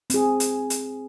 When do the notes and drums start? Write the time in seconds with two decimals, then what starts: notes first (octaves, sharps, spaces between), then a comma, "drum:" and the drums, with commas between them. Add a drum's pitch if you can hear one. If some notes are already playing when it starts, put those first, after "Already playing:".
0.10 C4 G#4, drum: hi-hat
0.40 drum: hi-hat
0.70 drum: hi-hat